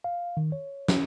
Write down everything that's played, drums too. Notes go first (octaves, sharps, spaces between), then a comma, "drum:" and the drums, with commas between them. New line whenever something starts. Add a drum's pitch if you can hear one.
F5
D#3
C#5
C#4, drum: snare